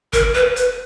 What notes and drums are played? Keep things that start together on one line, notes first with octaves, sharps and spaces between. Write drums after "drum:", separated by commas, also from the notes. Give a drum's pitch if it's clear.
A#4, drum: kick, hi-hat
B4
B4, drum: hi-hat